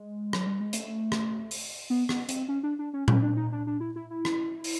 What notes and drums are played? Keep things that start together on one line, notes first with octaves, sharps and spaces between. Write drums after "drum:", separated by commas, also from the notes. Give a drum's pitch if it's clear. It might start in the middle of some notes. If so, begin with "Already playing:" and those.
Already playing: G#3
F#3, drum: rim click
G3
G#3
A3, drum: hi-hat
drum: rim click
drum: open hi-hat
B3
B3, drum: rim click
C4, drum: hi-hat
C#4
D4
D4
C#4
C#4, drum: tom A#2
D4
D#4
D4
D4
E4
E4
E4
drum: rim click
drum: open hi-hat